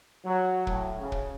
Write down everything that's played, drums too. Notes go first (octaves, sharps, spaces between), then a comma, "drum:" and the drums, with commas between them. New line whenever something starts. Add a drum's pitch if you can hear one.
F#3
A2, drum: kick
C#3
drum: kick